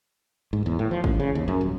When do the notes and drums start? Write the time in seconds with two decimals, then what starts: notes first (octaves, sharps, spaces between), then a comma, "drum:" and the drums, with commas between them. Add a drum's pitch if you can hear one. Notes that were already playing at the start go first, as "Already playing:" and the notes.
0.53 G#2
0.66 E2
0.79 A2
0.91 F3
1.04 A1, drum: kick
1.20 C#3
1.35 D#2
1.48 F#2
1.61 D#1